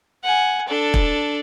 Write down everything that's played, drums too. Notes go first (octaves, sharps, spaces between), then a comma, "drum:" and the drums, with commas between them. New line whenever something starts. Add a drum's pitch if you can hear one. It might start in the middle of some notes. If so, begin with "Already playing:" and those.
F#5 G#5
D4 A4
drum: kick